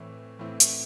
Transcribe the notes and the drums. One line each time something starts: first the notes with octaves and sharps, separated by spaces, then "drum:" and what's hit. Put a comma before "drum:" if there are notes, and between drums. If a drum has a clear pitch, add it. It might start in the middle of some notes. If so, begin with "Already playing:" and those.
Already playing: A2 E3 A3 C4 E4
A2 E3 A3 C4 E4
drum: hi-hat